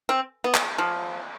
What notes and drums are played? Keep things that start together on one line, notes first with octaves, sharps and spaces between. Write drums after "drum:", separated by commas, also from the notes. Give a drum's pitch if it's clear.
C4
B3
drum: clap
F3